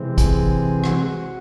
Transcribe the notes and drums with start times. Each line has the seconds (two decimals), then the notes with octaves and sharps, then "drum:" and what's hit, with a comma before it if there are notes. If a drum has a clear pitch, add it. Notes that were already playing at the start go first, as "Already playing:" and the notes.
Already playing: C3 E3 G#3 C4
0.18 G#4, drum: kick, hi-hat
0.84 F#4, drum: rim click